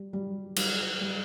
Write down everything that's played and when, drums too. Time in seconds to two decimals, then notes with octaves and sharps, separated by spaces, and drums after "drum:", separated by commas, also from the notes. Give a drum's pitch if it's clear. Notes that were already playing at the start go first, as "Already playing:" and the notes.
Already playing: G3
0.13 G3
0.56 G3, drum: cymbal
1.01 G3